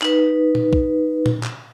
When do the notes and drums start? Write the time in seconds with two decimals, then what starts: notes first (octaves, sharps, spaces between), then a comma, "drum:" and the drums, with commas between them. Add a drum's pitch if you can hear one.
0.02 D#4 B4, drum: clap
0.55 drum: tom A#2
0.73 drum: kick
1.26 drum: tom A#2
1.43 drum: clap